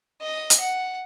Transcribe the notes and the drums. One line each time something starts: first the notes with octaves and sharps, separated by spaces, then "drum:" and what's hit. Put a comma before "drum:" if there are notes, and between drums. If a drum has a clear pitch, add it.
D#5
drum: hi-hat
F#5